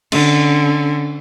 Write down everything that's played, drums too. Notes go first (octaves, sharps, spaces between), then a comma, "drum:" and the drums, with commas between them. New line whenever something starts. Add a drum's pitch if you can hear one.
D3 C#4, drum: cymbal